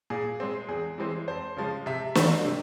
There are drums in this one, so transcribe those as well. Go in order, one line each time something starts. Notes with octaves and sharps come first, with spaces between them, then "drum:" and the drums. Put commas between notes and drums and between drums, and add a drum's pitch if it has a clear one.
A#2 G#4
G#3 C4
E2 G#4
E3 G#3 C4
F2 C5
C#3 F3 G#3
C3 E5
G3 C4, drum: snare
C3